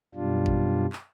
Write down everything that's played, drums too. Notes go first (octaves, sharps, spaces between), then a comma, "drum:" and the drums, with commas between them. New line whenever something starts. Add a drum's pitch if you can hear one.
F#2 B2 G3 D4 F4
drum: kick G#1
drum: clap